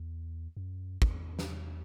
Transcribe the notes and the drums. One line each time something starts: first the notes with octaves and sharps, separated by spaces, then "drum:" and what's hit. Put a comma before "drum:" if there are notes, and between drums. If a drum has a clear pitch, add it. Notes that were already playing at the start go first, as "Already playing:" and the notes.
Already playing: E2
F#2
E2, drum: kick
drum: snare